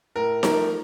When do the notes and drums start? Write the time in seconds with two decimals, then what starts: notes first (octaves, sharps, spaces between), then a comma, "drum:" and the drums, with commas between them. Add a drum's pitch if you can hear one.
0.16 A2 A#4
0.43 F3 A3 A#4, drum: snare D#4